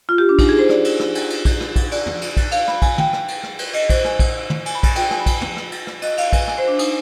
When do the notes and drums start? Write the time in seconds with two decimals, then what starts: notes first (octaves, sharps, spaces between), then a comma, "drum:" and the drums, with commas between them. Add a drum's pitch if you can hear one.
0.09 F4
0.18 G4
0.29 D4
0.39 D#4, drum: kick A#1, cymbal
0.49 G#4
0.59 C5
0.69 D5, drum: rim click
0.84 drum: cymbal
1.00 drum: rim click
1.15 drum: cymbal
1.30 drum: cymbal
1.45 drum: kick A#1, cymbal
1.61 drum: rim click
1.76 drum: kick A#1, cymbal
1.92 D5, drum: cymbal
2.06 drum: tom
2.21 drum: cymbal
2.37 drum: kick A#1, cymbal
2.52 F5, drum: cymbal
2.68 B5, drum: rim click
2.82 G#5, drum: kick A#1, cymbal
2.98 G5, drum: tom
3.13 drum: rim click
3.28 drum: cymbal
3.43 drum: rim click
3.59 drum: cymbal
3.74 D#5, drum: cymbal
3.90 C5, drum: kick A#1, cymbal
4.04 G#5, drum: rim click
4.19 drum: kick A#1, cymbal
4.50 drum: tom
4.66 G#5, drum: cymbal
4.75 B5
4.83 G#5, drum: kick A#1, cymbal
4.95 G5, drum: cymbal
5.11 G#5, drum: rim click
5.20 B5
5.26 G#5, drum: kick A#1, cymbal
5.41 drum: tom
5.57 drum: rim click
5.72 drum: cymbal
5.87 drum: rim click
6.02 D#5, drum: cymbal
6.18 F5, drum: cymbal
6.33 G#5, drum: kick A#1, cymbal
6.48 G#5, drum: rim click
6.58 C5
6.68 D4
6.79 D#4, drum: cymbal